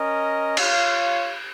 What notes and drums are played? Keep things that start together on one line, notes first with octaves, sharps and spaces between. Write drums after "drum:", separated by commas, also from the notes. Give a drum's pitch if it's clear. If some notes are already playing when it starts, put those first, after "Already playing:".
Already playing: C#4 A#4 D#5
F4 C#5 F5, drum: cymbal